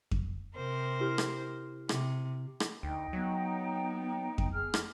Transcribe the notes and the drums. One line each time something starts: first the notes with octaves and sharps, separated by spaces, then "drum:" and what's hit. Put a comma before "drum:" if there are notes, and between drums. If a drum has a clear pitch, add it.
drum: kick F2
C3 A#4 C5
E4 G4 F6
drum: rim click
C3, drum: rim click
drum: rim click
D2 D#4 G5
F#3 B3
drum: kick F2
G#4 F6
drum: rim click